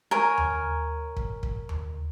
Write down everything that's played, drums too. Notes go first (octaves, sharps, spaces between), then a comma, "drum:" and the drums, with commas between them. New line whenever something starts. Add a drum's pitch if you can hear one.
A#4 C#5 G#5
drum: tom D#2
drum: kick
drum: kick
drum: tom D#2